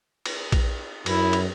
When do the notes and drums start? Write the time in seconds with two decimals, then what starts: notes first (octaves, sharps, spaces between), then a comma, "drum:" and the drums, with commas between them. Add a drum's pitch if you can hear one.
0.26 drum: cymbal
0.52 drum: kick A#1, cymbal
1.06 F#2 E4, drum: cymbal
1.33 drum: cymbal